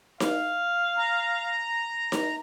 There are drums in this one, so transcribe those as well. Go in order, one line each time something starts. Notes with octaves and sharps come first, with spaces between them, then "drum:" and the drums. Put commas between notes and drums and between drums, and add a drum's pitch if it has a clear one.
F5, drum: snare D#4
A#5
drum: snare D#4